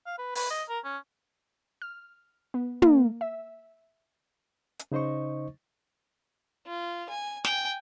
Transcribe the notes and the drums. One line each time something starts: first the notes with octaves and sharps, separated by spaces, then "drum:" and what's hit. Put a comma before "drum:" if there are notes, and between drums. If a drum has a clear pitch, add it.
F5
B4
B4, drum: open hi-hat
D#5
A#4
C#4
F6
B3
A#3, drum: tom
E5
drum: hi-hat
C#3 D#4 C5 D#5 C#6
F4
G#5
G5 G#5, drum: snare